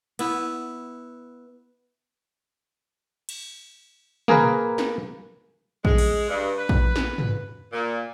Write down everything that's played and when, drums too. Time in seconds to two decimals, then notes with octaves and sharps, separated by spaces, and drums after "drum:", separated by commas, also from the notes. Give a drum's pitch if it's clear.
0.19 B3 E4, drum: cymbal
3.29 drum: cymbal
4.28 A#3 G#4 A#4 B4, drum: tom
4.78 drum: snare
5.85 G#3, drum: kick
5.98 drum: cymbal
6.29 G2
6.58 B4
6.69 drum: kick
6.96 drum: snare
7.18 drum: tom
7.73 A#2